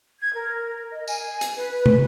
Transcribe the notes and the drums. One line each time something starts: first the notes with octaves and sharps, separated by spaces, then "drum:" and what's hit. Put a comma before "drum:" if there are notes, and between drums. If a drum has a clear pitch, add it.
G#6
A#4
D#5
G#5, drum: tambourine
drum: hi-hat
B4
drum: tom